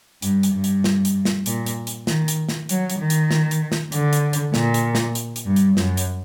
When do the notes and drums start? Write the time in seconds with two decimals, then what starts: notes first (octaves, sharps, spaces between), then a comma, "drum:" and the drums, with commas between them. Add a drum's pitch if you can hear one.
0.22 G2, drum: hi-hat
0.43 drum: hi-hat
0.54 G2
0.64 drum: hi-hat
0.84 drum: snare
1.05 drum: hi-hat
1.25 drum: snare
1.46 A#2, drum: hi-hat
1.66 drum: hi-hat
1.87 drum: hi-hat
2.07 D#3, drum: snare
2.28 drum: hi-hat
2.49 drum: snare
2.69 F#3, drum: hi-hat
2.90 drum: hi-hat
2.99 D#3
3.10 drum: hi-hat
3.31 drum: snare
3.51 drum: hi-hat
3.72 drum: snare
3.92 D3, drum: hi-hat
4.13 drum: hi-hat
4.33 drum: hi-hat
4.54 A#2, drum: snare
4.74 drum: hi-hat
4.95 drum: snare
5.15 drum: hi-hat
5.36 drum: hi-hat
5.45 G2
5.56 drum: hi-hat
5.77 F#2, drum: snare
5.97 drum: hi-hat